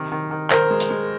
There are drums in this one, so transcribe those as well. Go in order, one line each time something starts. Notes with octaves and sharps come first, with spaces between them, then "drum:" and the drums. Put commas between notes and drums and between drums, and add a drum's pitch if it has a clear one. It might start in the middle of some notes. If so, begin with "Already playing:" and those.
Already playing: C3 D#3
D#3
D#3
D#3 A#4 C5, drum: clap
G#3
drum: hi-hat
G#3